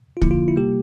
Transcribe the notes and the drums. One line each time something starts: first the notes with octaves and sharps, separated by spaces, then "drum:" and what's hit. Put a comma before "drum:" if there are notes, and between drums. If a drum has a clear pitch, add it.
F4
D3 F3 A#3 E4, drum: kick
F4
E4
C3 G3 A#3 G4